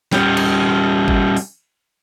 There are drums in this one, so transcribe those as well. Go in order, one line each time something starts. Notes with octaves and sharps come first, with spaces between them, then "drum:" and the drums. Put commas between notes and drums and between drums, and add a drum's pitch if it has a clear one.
G3 C#4, drum: snare
drum: cymbal
drum: kick G1
drum: open hi-hat